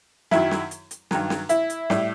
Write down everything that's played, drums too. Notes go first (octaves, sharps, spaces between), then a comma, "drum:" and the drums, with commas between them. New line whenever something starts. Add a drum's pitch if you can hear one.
F#2 D#3 F#3 E4, drum: snare
drum: snare
drum: hi-hat
drum: hi-hat
G2 D#3 F#3, drum: snare
drum: snare
E4, drum: hi-hat
drum: hi-hat
A2 G3, drum: snare